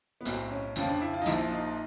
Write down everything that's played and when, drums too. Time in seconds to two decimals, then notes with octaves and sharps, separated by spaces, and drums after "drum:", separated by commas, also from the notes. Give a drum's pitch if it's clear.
0.21 B3
0.25 B1 A2 F#3 C4, drum: tambourine
0.51 C#4
0.76 F2 C#3 F3 C#4, drum: tambourine
0.88 D4
1.01 E4
1.14 F4
1.22 D#4
1.26 A#1 A#2 F3 E4, drum: tambourine
1.51 D#4